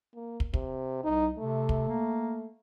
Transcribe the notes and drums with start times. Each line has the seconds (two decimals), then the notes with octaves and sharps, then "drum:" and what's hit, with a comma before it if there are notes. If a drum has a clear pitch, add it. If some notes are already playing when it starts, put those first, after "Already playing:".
0.15 A#3
0.40 drum: kick
0.54 C3, drum: kick
1.04 C2 D#4
1.38 C3 A3
1.69 drum: kick
1.88 A#3